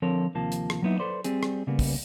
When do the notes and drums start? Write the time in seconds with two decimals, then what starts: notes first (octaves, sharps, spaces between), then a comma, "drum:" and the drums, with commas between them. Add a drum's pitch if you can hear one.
0.02 D3 F3 C4 A4 A#4 C#5
0.35 D#2 C3 F3 A#3 A5
0.52 drum: hi-hat
0.70 drum: rim click
0.82 F#3 A#3 B3 D#4 E4
0.99 A4 B4 C5 D5
1.24 G3 C4 G#4, drum: hi-hat
1.43 drum: rim click
1.67 C#3 G3 A#3 B3
1.79 drum: kick, open hi-hat